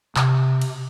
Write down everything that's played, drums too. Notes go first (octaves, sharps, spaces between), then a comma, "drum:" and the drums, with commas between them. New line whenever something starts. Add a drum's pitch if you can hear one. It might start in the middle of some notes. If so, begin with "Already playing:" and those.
C3, drum: clap
drum: cymbal